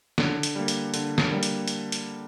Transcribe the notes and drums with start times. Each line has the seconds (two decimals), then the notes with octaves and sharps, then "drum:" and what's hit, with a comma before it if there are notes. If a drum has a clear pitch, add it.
0.18 D3, drum: snare
0.43 drum: hi-hat
0.55 G3 A#3
0.68 drum: hi-hat
0.94 D3, drum: hi-hat
1.18 drum: snare
1.31 G3 A#3
1.43 drum: hi-hat
1.68 drum: hi-hat
1.92 drum: hi-hat